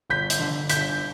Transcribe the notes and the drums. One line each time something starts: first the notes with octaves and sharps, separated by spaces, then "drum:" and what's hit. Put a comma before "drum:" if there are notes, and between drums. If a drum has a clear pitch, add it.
G1 G6 B6
drum: hi-hat
D3
G1 G6 B6, drum: hi-hat